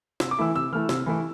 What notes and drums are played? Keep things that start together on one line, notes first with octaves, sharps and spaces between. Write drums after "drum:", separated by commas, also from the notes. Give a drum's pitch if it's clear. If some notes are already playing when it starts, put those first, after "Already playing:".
C3 E6, drum: snare
D6
E3 A3 E4 E6
C3 E6
E3 A3 E4 F6
C3 E6, drum: snare
E3 A3 E4